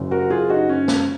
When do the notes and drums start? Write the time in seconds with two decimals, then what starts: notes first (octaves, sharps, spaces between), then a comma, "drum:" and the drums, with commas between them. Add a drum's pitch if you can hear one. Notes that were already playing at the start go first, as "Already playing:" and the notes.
Already playing: F#1 F#2 C#3
0.11 F#4 A#4
0.30 F4 G#4
0.50 D#4 F#4
0.69 C#4
0.88 drum: snare